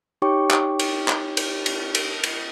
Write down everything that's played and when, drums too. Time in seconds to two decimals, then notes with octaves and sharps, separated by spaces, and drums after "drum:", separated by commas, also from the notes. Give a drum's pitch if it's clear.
0.22 D#4 G4 C#5 G5 C#6 D6
0.51 drum: clap
0.79 drum: cymbal
1.08 drum: clap
1.37 drum: cymbal
1.66 drum: cymbal
1.95 drum: cymbal
2.24 drum: cymbal